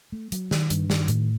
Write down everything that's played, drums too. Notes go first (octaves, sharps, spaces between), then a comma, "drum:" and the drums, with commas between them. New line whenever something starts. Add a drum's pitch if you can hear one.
A3
F#3, drum: hi-hat
D#3, drum: snare
G2, drum: hi-hat
D#3, drum: snare
A2, drum: hi-hat